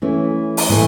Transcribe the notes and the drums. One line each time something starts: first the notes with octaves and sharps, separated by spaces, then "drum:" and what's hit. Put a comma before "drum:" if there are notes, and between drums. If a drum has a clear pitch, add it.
E3 A3 C#4 E4
drum: open hi-hat
A2 E3 A3